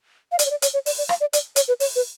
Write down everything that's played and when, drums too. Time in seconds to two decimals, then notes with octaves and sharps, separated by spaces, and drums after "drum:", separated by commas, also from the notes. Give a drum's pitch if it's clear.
0.32 F5
0.39 D5, drum: hi-hat
0.46 C#5
0.51 D5
0.62 C#5, drum: hi-hat
0.74 C#5
0.86 D5, drum: open hi-hat
0.98 D5
1.09 F5, drum: rim click
1.21 D5
1.33 D5, drum: hi-hat
1.56 C#5, drum: hi-hat
1.68 B4
1.80 C#5, drum: open hi-hat
1.96 B4